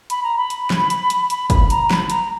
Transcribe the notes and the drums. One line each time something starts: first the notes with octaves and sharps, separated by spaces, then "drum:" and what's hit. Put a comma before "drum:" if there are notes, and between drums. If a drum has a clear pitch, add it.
B5, drum: hi-hat
A#5
B5
drum: hi-hat
drum: snare
drum: hi-hat
drum: hi-hat
B5, drum: hi-hat
B5, drum: kick, hi-hat
A#5, drum: hi-hat
B5, drum: snare
A#5, drum: hi-hat